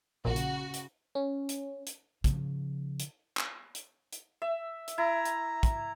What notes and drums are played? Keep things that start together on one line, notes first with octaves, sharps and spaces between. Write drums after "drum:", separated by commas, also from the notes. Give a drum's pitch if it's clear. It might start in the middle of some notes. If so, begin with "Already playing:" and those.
A#1 A#2 C#3 F#4
drum: hi-hat
drum: hi-hat
C#4
drum: hi-hat
drum: hi-hat
C#3 F3, drum: kick, hi-hat
drum: hi-hat
drum: clap
drum: hi-hat
drum: hi-hat
E5
drum: hi-hat
E4 A#5
drum: hi-hat
drum: kick, hi-hat